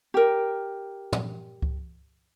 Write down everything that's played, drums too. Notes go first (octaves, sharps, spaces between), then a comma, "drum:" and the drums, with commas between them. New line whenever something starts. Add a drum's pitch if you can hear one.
G4 A#4
drum: tom
drum: kick C#2